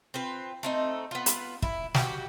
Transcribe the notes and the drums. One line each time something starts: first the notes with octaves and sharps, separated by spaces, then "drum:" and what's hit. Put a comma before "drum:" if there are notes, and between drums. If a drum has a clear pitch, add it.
C4 F4 B4
A3 C4 D#4
B3 F4
drum: hi-hat
E4, drum: kick
F#4 G4, drum: snare